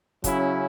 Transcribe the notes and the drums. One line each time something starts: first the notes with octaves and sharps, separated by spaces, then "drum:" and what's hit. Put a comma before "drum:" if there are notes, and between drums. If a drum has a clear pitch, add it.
C#3 F#3 C#4 E4, drum: kick, hi-hat